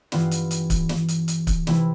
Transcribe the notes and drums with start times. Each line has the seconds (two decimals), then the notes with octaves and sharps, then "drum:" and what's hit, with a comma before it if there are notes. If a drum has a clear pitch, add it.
0.12 G2 E3 B3 F4, drum: snare
0.31 drum: hi-hat
0.51 drum: hi-hat
0.70 drum: kick C#1, hi-hat
0.89 drum: snare
1.08 drum: hi-hat
1.28 drum: hi-hat
1.47 drum: kick C#1, hi-hat
1.67 C3 E3 A3 E4, drum: snare